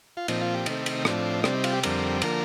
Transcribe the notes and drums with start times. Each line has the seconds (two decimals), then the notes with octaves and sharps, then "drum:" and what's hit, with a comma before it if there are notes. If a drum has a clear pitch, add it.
0.17 F4
0.28 A#2 F3 C4 D#4, drum: cymbal
0.41 F4
0.54 G4
0.66 C3 D#3 A3 C4 D#4, drum: cymbal
0.86 drum: cymbal
1.05 A2 F3 C4 D4, drum: rim click
1.40 D#4
1.44 C3 G3 C4 D4, drum: rim click
1.55 D#4
1.64 F4, drum: cymbal
1.73 G4
1.83 F2 D3 G3 C4 A#4, drum: cymbal
2.22 D3 F3 A#3 A#4, drum: cymbal